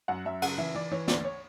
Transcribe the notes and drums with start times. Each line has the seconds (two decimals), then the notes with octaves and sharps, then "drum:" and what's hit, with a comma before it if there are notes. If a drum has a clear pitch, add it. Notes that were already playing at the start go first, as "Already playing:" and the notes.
0.08 F#2 F#5
0.26 F#2 E5
0.42 C#3 F#5, drum: cymbal
0.58 E3 E5
0.75 E3 D5
0.91 E3 C#5
1.08 D2 D5, drum: snare
1.25 C#5